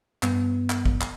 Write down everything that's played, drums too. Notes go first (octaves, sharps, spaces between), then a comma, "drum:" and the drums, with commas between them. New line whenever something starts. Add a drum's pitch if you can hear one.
G2 B3, drum: clap
drum: clap
drum: kick
drum: clap